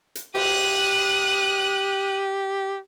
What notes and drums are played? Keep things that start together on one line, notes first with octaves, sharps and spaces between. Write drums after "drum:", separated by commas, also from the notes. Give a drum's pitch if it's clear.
drum: hi-hat
G4 D#6 F#6, drum: cymbal